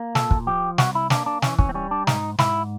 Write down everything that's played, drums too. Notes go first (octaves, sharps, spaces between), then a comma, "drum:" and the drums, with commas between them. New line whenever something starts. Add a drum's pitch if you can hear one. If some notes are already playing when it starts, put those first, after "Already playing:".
Already playing: A#3
A#2 A4, drum: snare
drum: kick
F3 G4
C2 F#4, drum: snare
E4
A#3 D4, drum: snare
D4
E3 C#4, drum: snare
C#4, drum: kick
C4
G3 C#4
D4
G#2 D#4, drum: snare
G#2 E4, drum: snare